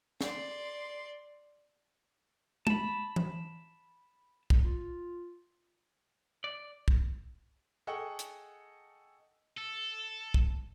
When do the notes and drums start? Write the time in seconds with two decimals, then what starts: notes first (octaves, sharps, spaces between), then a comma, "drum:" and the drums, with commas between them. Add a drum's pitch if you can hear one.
0.21 D5 C6, drum: snare
2.67 A5 B5, drum: tom G#3
3.16 drum: tom E3
4.50 drum: kick
4.62 F4
6.44 D5
6.88 drum: kick
7.87 G#4 A4 D#5 F#5 G5 C#6
8.19 drum: hi-hat
9.58 A4
10.34 drum: kick